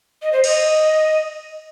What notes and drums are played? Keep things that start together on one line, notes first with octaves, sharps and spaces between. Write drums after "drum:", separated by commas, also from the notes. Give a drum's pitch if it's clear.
D#5
C5
D#5, drum: cymbal